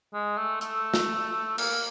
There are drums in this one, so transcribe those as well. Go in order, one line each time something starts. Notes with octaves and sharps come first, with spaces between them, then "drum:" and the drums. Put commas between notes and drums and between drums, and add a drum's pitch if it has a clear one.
G#3
A3
A3, drum: hi-hat
drum: snare
A#3, drum: cymbal